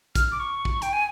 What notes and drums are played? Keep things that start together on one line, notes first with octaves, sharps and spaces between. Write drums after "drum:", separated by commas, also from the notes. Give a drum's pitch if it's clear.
F6, drum: kick, hi-hat
D6
C#6
drum: kick
G5, drum: hi-hat
G#5